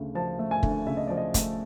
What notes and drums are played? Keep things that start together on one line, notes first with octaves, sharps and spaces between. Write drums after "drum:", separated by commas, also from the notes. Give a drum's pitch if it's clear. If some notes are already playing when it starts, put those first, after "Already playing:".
Already playing: D2 C#3 A3
F3 A5
A3
G#5
D2, drum: kick
C#3 E5
D#5
F3 D5
D#5
A3, drum: kick, hi-hat